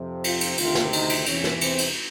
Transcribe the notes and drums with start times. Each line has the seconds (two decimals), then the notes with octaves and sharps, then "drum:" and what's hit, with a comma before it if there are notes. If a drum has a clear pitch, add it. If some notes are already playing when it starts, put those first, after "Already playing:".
Already playing: F2 C3 F3
0.24 F4, drum: cymbal
0.41 drum: cymbal
0.58 D2 C3 D#3 F4, drum: cymbal
0.75 drum: snare
0.93 D#4, drum: cymbal
1.10 drum: cymbal
1.26 E2 C3 E3 C#4, drum: cymbal
1.44 drum: snare
1.61 C4, drum: cymbal
1.78 drum: cymbal